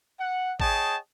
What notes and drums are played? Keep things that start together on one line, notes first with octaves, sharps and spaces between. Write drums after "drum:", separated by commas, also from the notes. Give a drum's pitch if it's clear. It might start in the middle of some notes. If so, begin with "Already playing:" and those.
F#5
G#4 C#5 D#5 G5 A5, drum: kick G#1